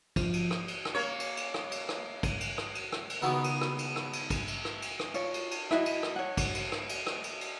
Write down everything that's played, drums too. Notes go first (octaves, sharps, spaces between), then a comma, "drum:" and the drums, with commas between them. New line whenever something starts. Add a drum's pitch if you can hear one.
F3, drum: kick, cymbal
drum: cymbal
drum: rim click
drum: cymbal
drum: rim click
A#3 C#5
drum: cymbal
drum: cymbal
drum: rim click
drum: cymbal
drum: rim click
drum: kick, cymbal
drum: cymbal
drum: rim click
drum: cymbal
drum: rim click
drum: cymbal
C#2 D#3 B3 D#4 E4 F#4
drum: cymbal
drum: rim click
drum: cymbal
drum: rim click
drum: cymbal
drum: kick, cymbal
drum: cymbal
drum: rim click
drum: cymbal
drum: rim click
F4 C#5, drum: cymbal
drum: cymbal
drum: cymbal
E4 F#4 D#5, drum: rim click
drum: cymbal
drum: rim click
C#5 F#5
drum: kick, cymbal
drum: cymbal
drum: rim click
drum: cymbal
drum: rim click
drum: cymbal
drum: cymbal